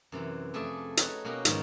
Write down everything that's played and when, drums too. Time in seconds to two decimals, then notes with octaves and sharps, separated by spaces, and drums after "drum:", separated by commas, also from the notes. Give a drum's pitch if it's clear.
0.12 F#2 C3 E3
0.54 F2 A3 G#4 A4 D5
0.97 D#4 F#4 A4 B4 C#5, drum: hi-hat
1.25 B2 A#3 C#4 F#4 G4
1.45 G#2 D#3 F3 C#4, drum: hi-hat